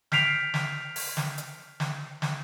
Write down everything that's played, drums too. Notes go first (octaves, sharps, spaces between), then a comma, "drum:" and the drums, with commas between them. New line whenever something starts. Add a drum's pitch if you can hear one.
F6 G6 B6 C7 D7 F7, drum: snare
drum: snare
drum: open hi-hat
drum: snare
drum: hi-hat
drum: snare
drum: snare